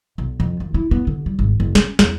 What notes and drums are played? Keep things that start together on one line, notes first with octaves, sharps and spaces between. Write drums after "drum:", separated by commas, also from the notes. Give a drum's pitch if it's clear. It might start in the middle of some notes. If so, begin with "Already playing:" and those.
B1
F2
D#3
E4
B3
D3
G3
G#1
F#1
C#4, drum: snare
E2, drum: snare